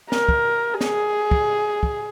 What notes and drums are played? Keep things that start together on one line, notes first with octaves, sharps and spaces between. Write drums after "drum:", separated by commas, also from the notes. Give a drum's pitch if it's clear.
A#4, drum: snare
drum: kick
G#4, drum: snare
drum: kick
drum: kick